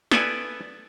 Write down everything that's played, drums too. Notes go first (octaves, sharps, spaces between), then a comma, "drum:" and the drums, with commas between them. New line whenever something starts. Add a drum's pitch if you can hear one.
B3 E4 A4 B4 D5 G#5, drum: snare